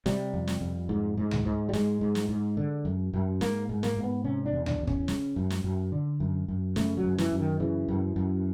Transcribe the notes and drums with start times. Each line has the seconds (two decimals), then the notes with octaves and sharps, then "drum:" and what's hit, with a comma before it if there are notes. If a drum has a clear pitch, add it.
0.06 C3 G3, drum: snare
0.34 F2
0.47 drum: snare
0.61 F2
0.89 G#2
1.17 G#2
1.31 drum: tom C#2
1.45 G#2
1.69 G3
1.73 G#2 G#3, drum: snare
2.01 G#2
2.15 drum: snare
2.29 G#2
2.57 D3
2.85 F#2
3.13 F#2
3.41 G#2 A#3, drum: snare
3.69 G#2
3.83 A#3, drum: snare
3.97 G#2
4.03 B3
4.24 C3 C#4
4.46 D4
4.52 E2
4.66 D4, drum: tom C#2
4.81 E2
4.87 C#4, drum: kick
5.08 C#3, drum: snare
5.36 F#2
5.50 drum: snare
5.64 F#2
5.92 D3
6.20 F#2
6.48 F#2
6.76 C#3 A3, drum: snare
6.97 F#3
7.04 F#2
7.18 E3, drum: snare
7.32 F#2
7.39 D#3
7.60 C#3 E3
7.88 F#2
8.16 F#2